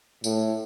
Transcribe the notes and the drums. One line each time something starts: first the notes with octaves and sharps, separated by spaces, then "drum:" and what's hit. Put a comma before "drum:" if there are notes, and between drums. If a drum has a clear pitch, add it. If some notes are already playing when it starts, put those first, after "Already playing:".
A2, drum: tambourine